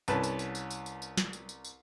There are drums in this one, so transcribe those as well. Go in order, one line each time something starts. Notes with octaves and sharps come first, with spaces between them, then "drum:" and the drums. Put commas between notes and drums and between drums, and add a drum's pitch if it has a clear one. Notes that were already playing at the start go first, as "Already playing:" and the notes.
C2 C#4 B4 A5, drum: tambourine
drum: tambourine
drum: tambourine
drum: tambourine
drum: tambourine
drum: tambourine
drum: tambourine
drum: snare
drum: tambourine
drum: tambourine
drum: tambourine